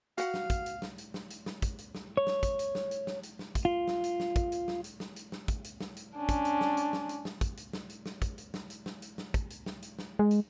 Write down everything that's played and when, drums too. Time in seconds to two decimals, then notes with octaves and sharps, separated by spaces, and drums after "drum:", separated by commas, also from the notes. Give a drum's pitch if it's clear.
0.18 F#4 F5 F#5, drum: hi-hat
0.34 drum: snare
0.50 drum: kick, hi-hat
0.66 drum: hi-hat
0.82 drum: snare
0.98 drum: hi-hat
1.14 drum: snare
1.30 drum: hi-hat
1.46 drum: snare
1.62 drum: kick, hi-hat
1.78 drum: hi-hat
1.95 drum: snare
2.17 C#5
2.27 drum: snare
2.43 drum: kick, hi-hat
2.59 drum: hi-hat
2.75 drum: snare
2.91 drum: hi-hat
3.07 drum: snare
3.23 drum: hi-hat
3.39 drum: snare
3.55 drum: kick, hi-hat
3.65 F4
3.88 drum: snare
4.04 drum: hi-hat
4.20 drum: snare
4.36 drum: kick, hi-hat
4.52 drum: hi-hat
4.68 drum: snare
4.84 drum: hi-hat
5.00 drum: snare
5.16 drum: hi-hat
5.32 drum: snare
5.48 drum: kick, hi-hat
5.64 drum: hi-hat
5.80 drum: snare
5.97 drum: hi-hat
6.17 C#4 D4
6.29 drum: kick, hi-hat
6.45 drum: hi-hat
6.61 drum: snare
6.77 drum: hi-hat
6.93 drum: snare
7.09 drum: hi-hat
7.25 drum: snare
7.41 drum: kick, hi-hat
7.57 drum: hi-hat
7.73 drum: snare
7.90 drum: hi-hat
8.06 drum: snare
8.22 drum: kick, hi-hat
8.38 drum: hi-hat
8.54 drum: snare
8.70 drum: hi-hat
8.86 drum: snare
9.02 drum: hi-hat
9.18 drum: snare
9.34 drum: kick, hi-hat
9.50 drum: hi-hat
9.66 drum: snare
9.82 drum: hi-hat
9.99 drum: snare
10.19 G#3
10.31 drum: hi-hat